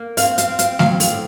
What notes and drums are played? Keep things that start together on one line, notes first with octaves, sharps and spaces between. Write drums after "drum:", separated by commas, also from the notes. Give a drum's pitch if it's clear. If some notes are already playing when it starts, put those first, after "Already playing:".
Already playing: A#3
C4 F5, drum: open hi-hat
F5, drum: hi-hat
C4
F5, drum: hi-hat
F#3 F5, drum: snare A3
F5, drum: open hi-hat
A2